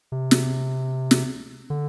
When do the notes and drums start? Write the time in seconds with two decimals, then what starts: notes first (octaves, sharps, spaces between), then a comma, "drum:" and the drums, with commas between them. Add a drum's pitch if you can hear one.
0.12 C3
0.31 drum: snare
1.11 drum: snare
1.70 D3